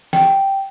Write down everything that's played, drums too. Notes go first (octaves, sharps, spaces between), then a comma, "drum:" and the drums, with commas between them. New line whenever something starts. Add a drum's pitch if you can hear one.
G5, drum: snare